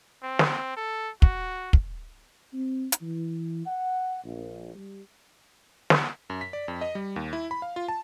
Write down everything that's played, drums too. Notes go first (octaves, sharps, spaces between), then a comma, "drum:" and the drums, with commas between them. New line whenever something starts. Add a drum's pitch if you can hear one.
C4
drum: snare
A4
F#4, drum: kick
drum: kick
C4
drum: hi-hat
E3
F#5
A#1
G3
drum: snare
F#2
B6
D5
F2
D#5
G3
D#2
E4
B5
F5
F4
A5